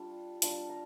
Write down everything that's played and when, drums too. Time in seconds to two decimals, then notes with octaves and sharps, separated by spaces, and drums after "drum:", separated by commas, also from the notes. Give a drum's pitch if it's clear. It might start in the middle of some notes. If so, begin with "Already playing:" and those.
Already playing: G3 D4 F4
0.42 G3 D4 F4 A5, drum: hi-hat
0.69 A#5